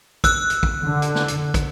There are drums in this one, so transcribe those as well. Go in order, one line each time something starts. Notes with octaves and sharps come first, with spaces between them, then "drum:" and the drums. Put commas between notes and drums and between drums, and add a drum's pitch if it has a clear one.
E6 F#6, drum: kick, hi-hat
drum: hi-hat
drum: kick
D3
drum: hi-hat
drum: snare
drum: hi-hat
drum: kick, hi-hat